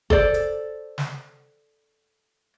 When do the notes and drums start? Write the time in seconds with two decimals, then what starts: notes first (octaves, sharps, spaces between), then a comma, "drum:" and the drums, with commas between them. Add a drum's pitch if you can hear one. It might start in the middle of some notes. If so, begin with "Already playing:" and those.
0.10 A4 C5 D5, drum: kick
0.34 drum: hi-hat
0.98 drum: snare